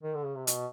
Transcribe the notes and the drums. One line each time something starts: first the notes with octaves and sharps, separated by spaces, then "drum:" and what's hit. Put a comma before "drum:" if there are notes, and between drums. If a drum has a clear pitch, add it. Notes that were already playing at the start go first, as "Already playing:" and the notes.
D#3
D3
C#3
C3
B2, drum: hi-hat